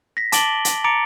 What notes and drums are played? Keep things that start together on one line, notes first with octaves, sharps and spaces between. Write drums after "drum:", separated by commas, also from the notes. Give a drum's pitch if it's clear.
A#6 B6
A5 D6 A6 D7 F#7 G7, drum: hi-hat
drum: hi-hat
A#5 D6 A6 C#7 D7